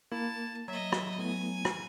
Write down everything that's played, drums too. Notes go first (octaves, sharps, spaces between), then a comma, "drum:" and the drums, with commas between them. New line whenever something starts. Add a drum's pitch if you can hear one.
A#3 E4 A5
F#3 D#5 E5
drum: rim click
A3 B3 E4 G#5
drum: rim click